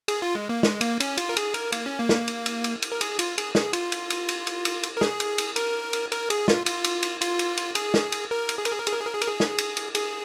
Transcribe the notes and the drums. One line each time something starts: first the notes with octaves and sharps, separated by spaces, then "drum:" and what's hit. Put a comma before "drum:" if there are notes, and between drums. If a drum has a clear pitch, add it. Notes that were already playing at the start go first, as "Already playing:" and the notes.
G#4, drum: cymbal
F4
G#3
A#3
G#3, drum: snare
A#3, drum: cymbal
C#4, drum: cymbal
F4, drum: cymbal
A#4
G#4, drum: cymbal
A#4, drum: cymbal
A#3, drum: cymbal
C#4
A#3
drum: snare
drum: cymbal
drum: cymbal
drum: cymbal
drum: cymbal
A#4
G#4, drum: cymbal
F4, drum: cymbal
G#4, drum: cymbal
G#4, drum: snare
F4, drum: cymbal
drum: cymbal
drum: cymbal
drum: cymbal
drum: cymbal
drum: cymbal
drum: cymbal
A#4
G#4, drum: snare
drum: cymbal
drum: cymbal
A#4, drum: cymbal
drum: cymbal
A#4, drum: cymbal
G#4, drum: cymbal
F4, drum: snare
F4, drum: cymbal
drum: cymbal
drum: cymbal
F4, drum: cymbal
drum: cymbal
drum: cymbal
G#4, drum: cymbal
drum: snare
drum: cymbal
A#4
drum: cymbal
G#4
A#4, drum: cymbal
G#4
A#4
G#4, drum: cymbal
A#4
G#4
A#4
G#4
A#4, drum: cymbal
G#4
drum: snare
drum: cymbal
drum: cymbal
G#4, drum: cymbal